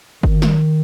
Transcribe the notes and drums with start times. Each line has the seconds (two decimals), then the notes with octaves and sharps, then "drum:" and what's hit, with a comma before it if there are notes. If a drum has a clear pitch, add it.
0.23 D#3, drum: kick G1
0.42 drum: snare